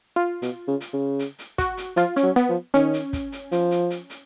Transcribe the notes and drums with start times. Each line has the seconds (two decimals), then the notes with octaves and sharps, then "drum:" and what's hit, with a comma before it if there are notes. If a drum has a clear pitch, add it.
0.16 F4
0.42 B2, drum: hi-hat
0.68 C#3
0.81 drum: hi-hat
0.93 C#3
1.19 drum: hi-hat
1.39 drum: hi-hat
1.58 F#4, drum: kick, hi-hat
1.77 drum: hi-hat
1.96 F3 F4, drum: hi-hat
2.16 C#4, drum: hi-hat
2.23 F#3
2.36 B3, drum: hi-hat
2.49 F3
2.74 D#3 C#4, drum: hi-hat
2.94 drum: hi-hat
3.13 drum: kick, hi-hat
3.32 drum: hi-hat
3.52 F3, drum: hi-hat
3.71 drum: hi-hat
3.90 drum: hi-hat
4.10 drum: hi-hat